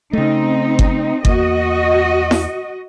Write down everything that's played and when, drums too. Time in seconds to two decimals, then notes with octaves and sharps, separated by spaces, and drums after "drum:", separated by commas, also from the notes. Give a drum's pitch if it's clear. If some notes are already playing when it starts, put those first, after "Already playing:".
0.13 C#3 A3 C4 D#4
0.79 drum: kick G1
1.25 E2 A#3 F#4 D#5, drum: kick G1
2.31 drum: snare E4